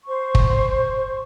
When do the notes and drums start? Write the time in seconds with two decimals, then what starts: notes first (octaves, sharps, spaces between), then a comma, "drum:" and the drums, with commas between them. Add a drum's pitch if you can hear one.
0.06 C5 C#6
0.35 drum: kick